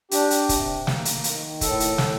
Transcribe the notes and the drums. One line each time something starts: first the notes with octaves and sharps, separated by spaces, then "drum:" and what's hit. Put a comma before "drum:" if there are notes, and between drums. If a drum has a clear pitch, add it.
D4 G4, drum: hi-hat
drum: hi-hat
C3, drum: kick, hi-hat
A#3, drum: snare
drum: hi-hat
D#3, drum: hi-hat
A2 A4, drum: kick, hi-hat
drum: hi-hat
A2, drum: snare